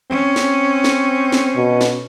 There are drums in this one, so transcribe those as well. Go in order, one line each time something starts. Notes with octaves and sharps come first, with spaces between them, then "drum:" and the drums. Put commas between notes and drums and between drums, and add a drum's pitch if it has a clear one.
C4 C#4
drum: snare
drum: snare
drum: snare
B2
drum: snare